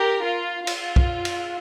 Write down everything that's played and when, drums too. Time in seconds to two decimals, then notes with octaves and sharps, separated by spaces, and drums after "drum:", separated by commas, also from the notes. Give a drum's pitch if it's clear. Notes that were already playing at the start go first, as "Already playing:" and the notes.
Already playing: G4 A#4
0.24 F4
0.67 F4, drum: cymbal
0.96 drum: kick
1.25 drum: cymbal